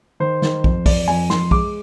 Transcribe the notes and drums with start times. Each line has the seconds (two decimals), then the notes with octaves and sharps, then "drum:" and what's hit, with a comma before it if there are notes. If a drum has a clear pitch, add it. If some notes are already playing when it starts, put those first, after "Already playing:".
0.20 D#3 C5
0.42 D#3, drum: snare
0.64 F2, drum: kick
0.86 F2 D5, drum: kick, open hi-hat
1.08 F2 G#5
1.30 F2 C6, drum: snare
1.51 G#3 D6, drum: kick